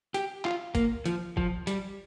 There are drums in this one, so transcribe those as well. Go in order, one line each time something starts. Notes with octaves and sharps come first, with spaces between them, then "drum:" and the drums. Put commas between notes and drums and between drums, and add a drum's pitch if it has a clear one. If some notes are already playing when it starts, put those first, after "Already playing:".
G4, drum: hi-hat
F4, drum: clap
A#3, drum: kick, hi-hat
F3, drum: hi-hat
F3, drum: kick
G3, drum: hi-hat